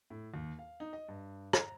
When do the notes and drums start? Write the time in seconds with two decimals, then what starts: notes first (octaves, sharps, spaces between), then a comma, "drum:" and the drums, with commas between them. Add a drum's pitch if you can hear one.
0.10 A2
0.34 D#2
0.59 F5
0.80 D#4
0.93 D#5
1.08 G2
1.53 A#5, drum: rim click